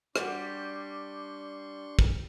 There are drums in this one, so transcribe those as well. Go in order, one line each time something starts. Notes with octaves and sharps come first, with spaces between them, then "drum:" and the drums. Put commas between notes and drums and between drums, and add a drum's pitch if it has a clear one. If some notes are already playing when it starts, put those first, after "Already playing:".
G3 D4 F#4 D5 C6 C#6, drum: rim click
drum: kick